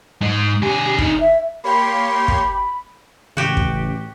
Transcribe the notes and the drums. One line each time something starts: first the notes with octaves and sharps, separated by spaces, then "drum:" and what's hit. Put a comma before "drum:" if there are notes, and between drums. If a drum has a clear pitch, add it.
G#2 D#5
D3 G4 G#4
D#4, drum: kick
E5
A#3 G4 C#5 B5 C6
drum: kick
A1 C#3 F#4 G4
drum: kick